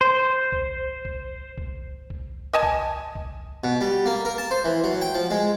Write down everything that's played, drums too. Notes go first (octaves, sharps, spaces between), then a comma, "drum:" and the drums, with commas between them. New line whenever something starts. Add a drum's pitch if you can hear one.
C5
drum: kick
drum: kick
drum: kick
drum: kick
D#5 G#5 A5
drum: kick
drum: kick
B2
G3
A#3
A#4
A5
C5
E3
F#3
G5
F3
G#3